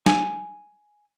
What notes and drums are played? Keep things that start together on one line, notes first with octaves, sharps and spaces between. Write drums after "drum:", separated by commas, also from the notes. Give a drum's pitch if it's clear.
G#5, drum: snare